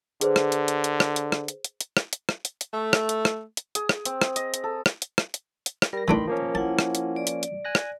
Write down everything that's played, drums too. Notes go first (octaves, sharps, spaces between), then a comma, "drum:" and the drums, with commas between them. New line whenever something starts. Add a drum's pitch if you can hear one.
D3 G#4 B4 C5, drum: hi-hat
drum: rim click
drum: hi-hat
drum: hi-hat
drum: hi-hat
drum: rim click
drum: hi-hat
drum: rim click
drum: hi-hat
drum: hi-hat
drum: hi-hat
drum: rim click
drum: hi-hat
drum: rim click
drum: hi-hat
drum: hi-hat
A3
drum: rim click
drum: hi-hat
drum: rim click
drum: hi-hat
G#4, drum: hi-hat
drum: rim click
C4, drum: hi-hat
drum: rim click
D#5, drum: hi-hat
drum: hi-hat
A4
drum: rim click
drum: hi-hat
drum: rim click
drum: hi-hat
drum: hi-hat
drum: rim click
G3 A#4 A#6
D#3 E3 A3 D4 B5 C6
F3 A#3 C#4
E4 F#5 A5
drum: rim click
drum: hi-hat
D5
drum: hi-hat
drum: hi-hat
G#5 F#6 A#6
drum: rim click